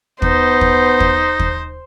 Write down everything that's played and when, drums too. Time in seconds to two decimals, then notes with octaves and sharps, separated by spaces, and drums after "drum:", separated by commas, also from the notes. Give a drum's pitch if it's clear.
0.22 B3 D#4 C5, drum: kick
0.61 drum: kick
1.00 drum: kick
1.39 drum: kick